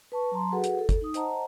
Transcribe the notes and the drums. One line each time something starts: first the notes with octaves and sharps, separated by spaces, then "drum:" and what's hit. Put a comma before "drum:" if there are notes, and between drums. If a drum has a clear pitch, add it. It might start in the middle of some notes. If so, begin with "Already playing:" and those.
B4 A5 C#6
F#3 A5 A#5 C6
F#4 G#4 A4 B4 F#5
drum: hi-hat
A4
drum: kick, hi-hat
D#4 D#6
C5 D#5 F#5 A5 A#5, drum: hi-hat